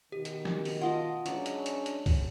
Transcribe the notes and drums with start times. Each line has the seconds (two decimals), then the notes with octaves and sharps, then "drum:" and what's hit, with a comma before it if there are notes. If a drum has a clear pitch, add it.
0.12 B2 D#3 G4
0.25 drum: hi-hat
0.45 drum: snare
0.65 drum: open hi-hat
0.81 F4 D#5 F#5 A5
1.26 F#3 G#3 C#4 D4 D5, drum: hi-hat
1.46 drum: hi-hat
1.66 drum: hi-hat
1.86 drum: hi-hat
2.06 drum: kick, open hi-hat